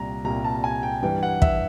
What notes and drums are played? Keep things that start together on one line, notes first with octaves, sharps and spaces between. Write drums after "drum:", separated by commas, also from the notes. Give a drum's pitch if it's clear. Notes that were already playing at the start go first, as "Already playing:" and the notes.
Already playing: C2 A#2 G3 A#5
C2 A#2 G3 A#5
A5
G#5
G5
G2 E3 G3 G5
F#5
E5, drum: kick